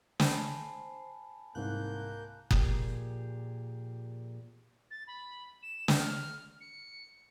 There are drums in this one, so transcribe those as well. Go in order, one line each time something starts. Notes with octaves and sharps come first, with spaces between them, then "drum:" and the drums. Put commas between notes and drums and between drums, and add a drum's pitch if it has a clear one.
C5 G#5 A5 B5, drum: snare
C2 G#2 A#3 F#6 G6
A#2 F3 G4 G#4, drum: kick F#1
A6
B5
E7
drum: snare
F6
C#7